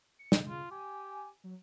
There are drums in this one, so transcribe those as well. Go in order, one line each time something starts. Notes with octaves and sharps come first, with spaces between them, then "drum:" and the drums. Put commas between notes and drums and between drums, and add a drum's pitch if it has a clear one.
C#7
C#3, drum: snare
F4
G4 G#5
F#3